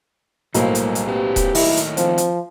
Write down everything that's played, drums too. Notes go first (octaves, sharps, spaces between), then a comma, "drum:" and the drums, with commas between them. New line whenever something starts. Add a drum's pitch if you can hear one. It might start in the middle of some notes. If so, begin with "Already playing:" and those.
B1 F#2 A2 G3 A#3 C5, drum: hi-hat
drum: hi-hat
drum: hi-hat
C4 G4 B4 C5
drum: kick D#1, hi-hat
D#3 A3 E4 D#5, drum: open hi-hat
drum: hi-hat
F3 C4, drum: hi-hat
drum: hi-hat